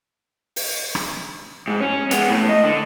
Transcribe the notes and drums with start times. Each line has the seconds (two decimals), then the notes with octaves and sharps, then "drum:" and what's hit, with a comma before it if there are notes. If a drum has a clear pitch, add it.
0.56 drum: open hi-hat
0.95 drum: rim click
1.68 G#2
1.81 C#4
2.11 G#3 B3, drum: hi-hat
2.30 A2
2.49 D#5
2.64 D3